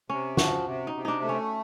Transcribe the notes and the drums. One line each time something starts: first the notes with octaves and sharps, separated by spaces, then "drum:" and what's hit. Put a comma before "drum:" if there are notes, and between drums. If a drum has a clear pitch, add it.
C3 C#4
F3 F#4, drum: snare
C3
D#4
C3
D4 D#4
A3
C#4